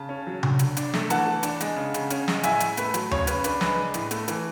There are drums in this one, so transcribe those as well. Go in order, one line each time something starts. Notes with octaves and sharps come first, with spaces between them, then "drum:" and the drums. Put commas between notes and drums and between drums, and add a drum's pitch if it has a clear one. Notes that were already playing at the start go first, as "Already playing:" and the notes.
Already playing: C#3 A5
C#4
F#3
D3, drum: tom C3
D3, drum: hi-hat
D4, drum: hi-hat
A3, drum: snare
E3 F#5 A5, drum: hi-hat
E3
D4, drum: hi-hat
G#3, drum: hi-hat
C#3
C#3, drum: hi-hat
C#4, drum: hi-hat
G#3, drum: snare
A2 E5 G#5, drum: hi-hat
A2, drum: hi-hat
A3 B4, drum: hi-hat
F#3, drum: hi-hat
C#3 C#5, drum: tom D2
C#3 B4, drum: hi-hat
D4 B4, drum: hi-hat
G#3 B4, drum: snare
D4
A2, drum: hi-hat
A3, drum: hi-hat
E3, drum: hi-hat